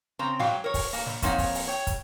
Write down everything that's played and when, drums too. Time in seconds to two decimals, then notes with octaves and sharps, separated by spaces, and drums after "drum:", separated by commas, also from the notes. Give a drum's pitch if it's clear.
0.19 C#3 C4 A#5
0.39 G#2 F#3 F5 G5, drum: snare
0.64 A#4 C#5
0.74 drum: kick, open hi-hat
0.93 A#3, drum: open hi-hat
1.06 drum: snare
1.22 F3 A#3 C4 D#4 C#5 F#5, drum: kick, hi-hat
1.38 drum: kick, open hi-hat
1.55 drum: open hi-hat
1.67 C#5 G5
1.87 drum: kick, hi-hat